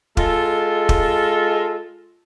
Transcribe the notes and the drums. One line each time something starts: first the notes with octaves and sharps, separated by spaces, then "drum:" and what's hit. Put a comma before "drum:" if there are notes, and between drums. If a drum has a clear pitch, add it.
G#3 F4 A4, drum: kick
drum: kick